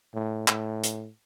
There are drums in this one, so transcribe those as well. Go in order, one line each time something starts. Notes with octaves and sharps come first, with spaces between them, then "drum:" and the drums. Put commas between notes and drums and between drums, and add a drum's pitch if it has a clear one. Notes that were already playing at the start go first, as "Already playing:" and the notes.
A2
A2, drum: clap
drum: hi-hat